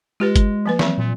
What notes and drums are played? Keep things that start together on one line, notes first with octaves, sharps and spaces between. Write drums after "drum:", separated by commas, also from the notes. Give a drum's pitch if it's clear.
G#3 F4 G4 B4
drum: kick G1, hi-hat
F3 A#3 B4
E3 F#3 C4, drum: snare
A#2